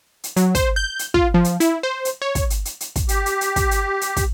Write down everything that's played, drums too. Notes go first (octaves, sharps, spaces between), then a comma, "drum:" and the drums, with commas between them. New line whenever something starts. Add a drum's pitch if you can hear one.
drum: hi-hat
F#3, drum: hi-hat
C5, drum: kick, hi-hat
G6
drum: hi-hat
F4, drum: kick
F3
drum: hi-hat
E4, drum: hi-hat
C5
drum: hi-hat
C#5
drum: kick, hi-hat
drum: hi-hat
drum: hi-hat
drum: hi-hat
drum: kick, hi-hat
G4, drum: hi-hat
drum: hi-hat
drum: hi-hat
drum: kick, hi-hat
drum: hi-hat
drum: hi-hat
drum: kick, hi-hat